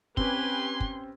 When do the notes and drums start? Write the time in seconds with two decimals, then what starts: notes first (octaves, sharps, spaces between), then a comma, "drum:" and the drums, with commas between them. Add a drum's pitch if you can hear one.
0.17 C4 C#4 G4 B4 G#5 C6, drum: kick
0.80 drum: kick